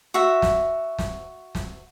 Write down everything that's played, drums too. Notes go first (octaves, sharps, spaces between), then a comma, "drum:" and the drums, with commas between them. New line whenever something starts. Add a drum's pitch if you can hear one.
F#4 E5
drum: snare
drum: snare
drum: snare